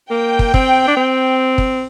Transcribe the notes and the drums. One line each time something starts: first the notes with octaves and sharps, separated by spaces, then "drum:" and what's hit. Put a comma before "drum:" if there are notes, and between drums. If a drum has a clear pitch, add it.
A#3 G5
drum: kick
C4, drum: kick
D4
C4
drum: kick